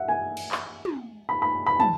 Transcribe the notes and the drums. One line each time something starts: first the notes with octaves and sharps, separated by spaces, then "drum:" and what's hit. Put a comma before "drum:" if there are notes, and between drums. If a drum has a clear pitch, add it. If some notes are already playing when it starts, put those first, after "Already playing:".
Already playing: E5 F#5
G#5
drum: cymbal
drum: clap
drum: tom
B5
B5
B5
A5, drum: tom